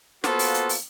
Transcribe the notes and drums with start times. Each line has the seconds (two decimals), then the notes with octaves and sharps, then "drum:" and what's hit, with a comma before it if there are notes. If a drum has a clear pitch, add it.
0.24 A#3 B3 F4 F#4 A4 C5, drum: snare
0.39 drum: open hi-hat
0.54 drum: hi-hat
0.69 drum: open hi-hat